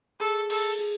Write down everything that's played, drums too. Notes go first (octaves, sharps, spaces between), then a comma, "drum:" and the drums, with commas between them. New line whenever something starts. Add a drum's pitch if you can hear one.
G#4 A4
G#4 A4, drum: cymbal
G#4